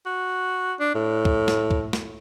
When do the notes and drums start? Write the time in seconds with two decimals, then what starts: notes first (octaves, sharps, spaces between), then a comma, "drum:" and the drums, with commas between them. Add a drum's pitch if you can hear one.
0.06 F#4
0.80 D4
0.94 A2
1.25 drum: kick
1.48 drum: snare
1.71 drum: kick
1.93 drum: snare